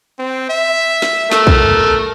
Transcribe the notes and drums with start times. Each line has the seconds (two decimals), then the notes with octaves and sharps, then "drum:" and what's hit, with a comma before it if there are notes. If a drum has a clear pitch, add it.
0.19 C4
0.50 E5
1.02 drum: snare
1.32 A3 A#4 E6, drum: snare
1.47 drum: kick